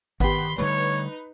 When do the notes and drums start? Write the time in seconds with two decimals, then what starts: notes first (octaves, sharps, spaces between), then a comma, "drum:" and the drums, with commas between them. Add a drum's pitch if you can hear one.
0.20 D#3 B3 G4 B5 C6, drum: kick G#1
0.58 D3 G3 A3 D#4 B4 C#5